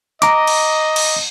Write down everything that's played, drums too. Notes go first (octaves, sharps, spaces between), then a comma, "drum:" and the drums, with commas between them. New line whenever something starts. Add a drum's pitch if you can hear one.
D#5 A#5 D6, drum: hi-hat
drum: cymbal
drum: cymbal